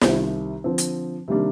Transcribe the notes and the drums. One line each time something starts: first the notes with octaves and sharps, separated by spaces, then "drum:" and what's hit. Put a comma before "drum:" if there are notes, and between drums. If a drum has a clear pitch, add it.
C2 C3 D#3, drum: snare
D3 F3 C4
drum: hi-hat
C3 D#3 G3 A#3 D4